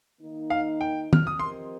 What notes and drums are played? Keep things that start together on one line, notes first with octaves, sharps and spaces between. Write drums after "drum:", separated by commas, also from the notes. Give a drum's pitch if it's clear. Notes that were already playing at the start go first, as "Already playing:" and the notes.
D#3 A#3 D#4
F5
G5
F6, drum: tom
D#6
F3 C4 G4 A#4 D#5 C6